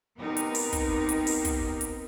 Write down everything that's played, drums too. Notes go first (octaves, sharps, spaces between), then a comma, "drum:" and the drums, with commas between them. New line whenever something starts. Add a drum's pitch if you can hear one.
B3 C4 D#4 G4 A#4
drum: hi-hat
drum: open hi-hat
drum: kick, hi-hat
drum: hi-hat
drum: open hi-hat
drum: kick, hi-hat
drum: hi-hat